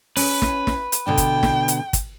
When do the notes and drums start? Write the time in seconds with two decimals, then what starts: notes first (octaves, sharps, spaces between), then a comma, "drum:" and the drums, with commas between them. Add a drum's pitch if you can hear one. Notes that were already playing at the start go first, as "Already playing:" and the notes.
0.16 C#4 B4, drum: open hi-hat
0.42 drum: snare
0.67 drum: snare
0.92 drum: hi-hat
1.07 B2 D3 D4 G5
1.17 drum: kick, hi-hat
1.43 drum: snare
1.68 drum: hi-hat
1.93 drum: kick, hi-hat